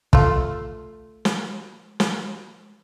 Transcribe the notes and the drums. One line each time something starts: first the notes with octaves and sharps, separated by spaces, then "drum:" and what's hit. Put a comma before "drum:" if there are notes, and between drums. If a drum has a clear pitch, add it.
A3 F4, drum: kick
drum: snare
drum: snare